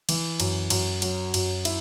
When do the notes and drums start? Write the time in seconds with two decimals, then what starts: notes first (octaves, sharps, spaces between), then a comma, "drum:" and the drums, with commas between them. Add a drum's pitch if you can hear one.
0.09 E3, drum: cymbal
0.40 F#2, drum: cymbal
0.70 F#2, drum: cymbal
1.02 F#3, drum: cymbal
1.34 F#2, drum: cymbal
1.65 E4, drum: cymbal